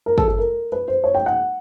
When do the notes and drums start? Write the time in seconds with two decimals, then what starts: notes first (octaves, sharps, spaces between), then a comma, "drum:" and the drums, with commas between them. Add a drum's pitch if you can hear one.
0.06 A#4
0.18 A4, drum: kick
0.28 A4
0.38 A#4
0.72 B4
0.88 C5
1.04 C#5
1.15 G5
1.26 F#5